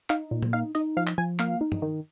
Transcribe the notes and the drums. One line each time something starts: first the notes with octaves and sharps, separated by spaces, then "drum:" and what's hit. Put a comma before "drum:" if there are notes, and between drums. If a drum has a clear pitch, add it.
D#4 F5, drum: clap
A#2
drum: tom A#2
D#4 F5
D#4 D#5, drum: hi-hat
F3 F5
drum: clap
F3 G#5
A#3 F5, drum: clap
D#4
drum: tom
D#3